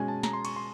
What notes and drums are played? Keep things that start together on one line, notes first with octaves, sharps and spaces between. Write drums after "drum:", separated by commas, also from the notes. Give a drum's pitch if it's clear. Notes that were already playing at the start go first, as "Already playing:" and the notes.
Already playing: B2 G#3 C#4 G#5
A5
A#5, drum: snare
C6
C#6, drum: cymbal
C6